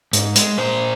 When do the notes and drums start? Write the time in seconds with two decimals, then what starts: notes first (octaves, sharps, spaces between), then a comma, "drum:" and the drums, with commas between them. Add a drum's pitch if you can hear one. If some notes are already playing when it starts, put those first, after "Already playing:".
0.13 G#2, drum: hi-hat
0.35 G#3, drum: hi-hat
0.58 A#2 C5